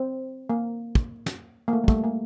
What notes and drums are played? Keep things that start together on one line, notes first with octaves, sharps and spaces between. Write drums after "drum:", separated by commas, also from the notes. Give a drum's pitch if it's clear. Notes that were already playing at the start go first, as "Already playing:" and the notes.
Already playing: C4
A#3
drum: kick
drum: snare
A#3
A3
G3
A3, drum: kick
A#3